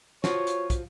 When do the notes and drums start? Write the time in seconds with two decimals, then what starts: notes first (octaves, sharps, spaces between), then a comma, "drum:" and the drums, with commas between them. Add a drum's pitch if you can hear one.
0.24 F3 F4 F#4 C#5, drum: snare
0.47 drum: hi-hat
0.70 drum: kick, hi-hat